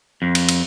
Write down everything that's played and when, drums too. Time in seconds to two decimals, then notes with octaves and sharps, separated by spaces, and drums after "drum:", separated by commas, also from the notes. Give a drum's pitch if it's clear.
0.22 F2
0.35 drum: cymbal
0.49 drum: cymbal